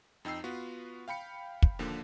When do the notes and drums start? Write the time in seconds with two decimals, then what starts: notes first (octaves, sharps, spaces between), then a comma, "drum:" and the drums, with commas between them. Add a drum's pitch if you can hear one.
0.25 F2 D#4 G5 E6 C7
0.44 B3 F4 F#4 B4
1.08 F5 G5 B5 C#7
1.62 drum: kick
1.79 D#2 D3 F3 A#3 D4